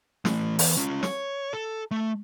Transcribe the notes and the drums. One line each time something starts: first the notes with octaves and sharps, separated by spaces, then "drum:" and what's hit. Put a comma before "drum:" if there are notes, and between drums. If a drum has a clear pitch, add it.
E3 A3, drum: snare
E2, drum: open hi-hat
C#4 F4
C#5, drum: snare
A4
A3